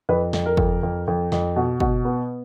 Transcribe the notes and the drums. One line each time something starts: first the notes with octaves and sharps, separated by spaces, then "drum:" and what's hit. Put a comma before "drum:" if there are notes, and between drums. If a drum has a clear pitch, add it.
F2 B4
F2, drum: snare
A#4
F2, drum: kick
F2
F2
F2, drum: snare
B2
B2, drum: kick
B3